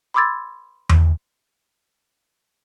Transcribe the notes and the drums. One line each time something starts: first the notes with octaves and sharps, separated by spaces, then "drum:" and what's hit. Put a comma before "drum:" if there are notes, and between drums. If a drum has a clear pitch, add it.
B5 C6 D6 E6 G#6 A6
drum: tom E2